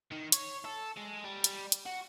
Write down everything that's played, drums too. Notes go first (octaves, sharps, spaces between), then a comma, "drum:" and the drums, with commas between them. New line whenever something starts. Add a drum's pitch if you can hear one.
D#3
C#5, drum: hi-hat
A4
G#3
G3
drum: hi-hat
drum: hi-hat
F#4